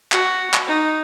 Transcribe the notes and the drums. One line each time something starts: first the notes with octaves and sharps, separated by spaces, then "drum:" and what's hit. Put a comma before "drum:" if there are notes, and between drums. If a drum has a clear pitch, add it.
F#4, drum: clap
drum: clap
D#4